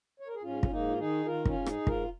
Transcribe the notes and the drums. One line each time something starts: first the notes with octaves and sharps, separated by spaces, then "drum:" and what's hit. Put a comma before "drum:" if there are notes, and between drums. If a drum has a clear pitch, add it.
C#5
A#4
G#4
G#2 C#4 F4
C#4, drum: kick
G#2 A#3 D#4
F4
D#3 D#4 G#4
D#3 F4 A#4
C#4 F4, drum: kick
G#2
D#4 G#4, drum: rim click
G#2
F4 A#4, drum: kick